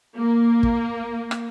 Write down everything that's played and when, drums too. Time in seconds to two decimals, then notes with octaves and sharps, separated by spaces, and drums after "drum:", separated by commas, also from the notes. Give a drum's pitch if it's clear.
0.17 A#3
0.63 drum: kick
1.31 drum: rim click